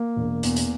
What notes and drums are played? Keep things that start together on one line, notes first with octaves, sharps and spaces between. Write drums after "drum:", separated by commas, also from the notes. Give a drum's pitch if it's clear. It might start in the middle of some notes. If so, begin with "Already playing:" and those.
Already playing: A#3
E1
E2, drum: hi-hat
drum: hi-hat